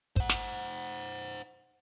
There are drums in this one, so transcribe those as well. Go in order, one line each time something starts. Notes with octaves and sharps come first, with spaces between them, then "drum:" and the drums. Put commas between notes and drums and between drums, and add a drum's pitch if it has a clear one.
C5 F#5, drum: kick
drum: snare